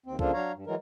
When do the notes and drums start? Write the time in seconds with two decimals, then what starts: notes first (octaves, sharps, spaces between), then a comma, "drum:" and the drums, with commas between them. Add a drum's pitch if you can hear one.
0.06 D#2 C4
0.19 C#3 F3 A#3 D4 F4 A4, drum: kick C2
0.33 F#3 D4 C#5 F5 A#5
0.54 G2
0.67 E3 F#3 G#3 A#4